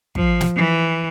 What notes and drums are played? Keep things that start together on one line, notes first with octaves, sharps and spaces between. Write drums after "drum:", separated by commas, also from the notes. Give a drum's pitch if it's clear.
F3, drum: kick
drum: snare
E3